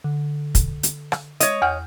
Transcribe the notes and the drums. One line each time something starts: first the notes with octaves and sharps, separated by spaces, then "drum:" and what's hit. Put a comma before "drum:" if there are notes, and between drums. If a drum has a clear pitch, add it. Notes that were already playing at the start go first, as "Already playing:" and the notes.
D3
drum: kick, hi-hat
drum: hi-hat
drum: rim click
G#3 C#5 D#5, drum: hi-hat
E2 F#5 F6 G6